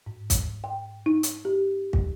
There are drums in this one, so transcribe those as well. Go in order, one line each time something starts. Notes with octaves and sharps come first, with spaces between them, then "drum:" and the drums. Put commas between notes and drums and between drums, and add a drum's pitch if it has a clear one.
G#2
drum: kick, hi-hat
G5
D#4
drum: hi-hat
G4
drum: kick